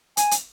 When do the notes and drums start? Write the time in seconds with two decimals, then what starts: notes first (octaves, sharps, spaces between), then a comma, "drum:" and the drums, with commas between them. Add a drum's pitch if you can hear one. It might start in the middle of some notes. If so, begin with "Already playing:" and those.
0.17 G#5, drum: hi-hat
0.31 drum: hi-hat